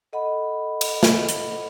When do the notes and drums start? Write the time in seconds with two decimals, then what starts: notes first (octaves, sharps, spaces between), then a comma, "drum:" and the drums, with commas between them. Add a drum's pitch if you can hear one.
0.13 A4 D#5 F#5 B5
0.81 drum: cymbal
1.03 drum: snare
1.29 drum: hi-hat